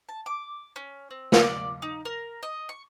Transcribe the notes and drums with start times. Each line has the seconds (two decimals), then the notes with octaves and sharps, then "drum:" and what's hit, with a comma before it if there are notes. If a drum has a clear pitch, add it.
0.09 A5
0.26 D6
0.76 C#4
1.11 C4
1.32 drum: snare
1.43 D5
1.82 D#4
2.05 A#4
2.43 D#5
2.69 C#6